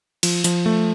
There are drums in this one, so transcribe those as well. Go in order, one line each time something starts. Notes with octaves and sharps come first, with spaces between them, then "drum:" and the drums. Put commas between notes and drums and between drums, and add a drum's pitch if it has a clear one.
F3, drum: cymbal
F3, drum: hi-hat
A3